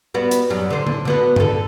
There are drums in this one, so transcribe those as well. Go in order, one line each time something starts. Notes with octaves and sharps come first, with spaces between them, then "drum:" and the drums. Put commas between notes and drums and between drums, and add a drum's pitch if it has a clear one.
G3 B3 F#4
drum: hi-hat
F#2 F#3 G3
D3 C5
D3, drum: tom D3
D3 B3 F#4
D3 A4, drum: tom G2